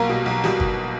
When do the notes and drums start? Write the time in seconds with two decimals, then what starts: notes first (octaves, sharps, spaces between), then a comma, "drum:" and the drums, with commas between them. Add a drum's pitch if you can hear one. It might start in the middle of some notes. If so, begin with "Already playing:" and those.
Already playing: B1 A#3 A#4
0.09 B2 G3
0.26 B1
0.44 B2 G3, drum: snare
0.60 drum: kick